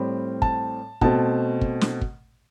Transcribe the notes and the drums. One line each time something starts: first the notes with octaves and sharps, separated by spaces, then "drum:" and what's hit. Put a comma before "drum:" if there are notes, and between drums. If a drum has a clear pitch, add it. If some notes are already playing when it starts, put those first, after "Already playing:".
Already playing: A2 G3 C4 B5
A5, drum: kick
B2 A3 C4 A5, drum: kick
drum: kick
drum: snare
drum: kick